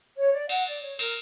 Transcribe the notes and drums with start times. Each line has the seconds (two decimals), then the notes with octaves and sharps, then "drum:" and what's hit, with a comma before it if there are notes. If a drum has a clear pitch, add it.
0.17 C#5
0.33 D5
0.49 F#5, drum: cymbal
0.66 D5
0.83 C#5
0.99 A#4, drum: cymbal